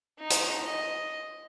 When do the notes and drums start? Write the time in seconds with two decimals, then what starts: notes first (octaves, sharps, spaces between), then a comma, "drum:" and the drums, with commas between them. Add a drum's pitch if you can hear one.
0.19 D#4
0.30 drum: hi-hat
0.65 D#5